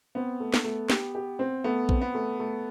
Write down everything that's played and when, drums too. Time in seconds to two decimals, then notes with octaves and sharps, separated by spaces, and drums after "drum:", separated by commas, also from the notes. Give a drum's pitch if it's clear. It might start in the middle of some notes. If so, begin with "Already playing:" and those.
0.15 B3 C4
0.40 A3
0.54 drum: snare
0.64 A3
0.90 G4, drum: snare
1.15 G4
1.39 C4
1.64 A3 B3
1.89 C4, drum: kick A#1
2.01 B3
2.14 A3
2.40 A3